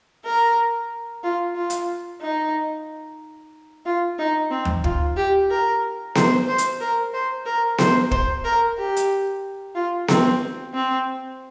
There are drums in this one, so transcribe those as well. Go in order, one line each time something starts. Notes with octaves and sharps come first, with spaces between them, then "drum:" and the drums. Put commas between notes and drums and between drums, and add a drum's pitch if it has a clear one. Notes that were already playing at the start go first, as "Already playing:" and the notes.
A#4
F4
F4
drum: hi-hat
D#4
F4
D#4
C4
drum: tom D2
F4, drum: kick
G4
A#4
C5, drum: snare B3
C5
drum: hi-hat
A#4
C5
A#4
C5, drum: snare B3
C5, drum: kick
A#4
G4
drum: hi-hat
F4
C4, drum: snare B3
C4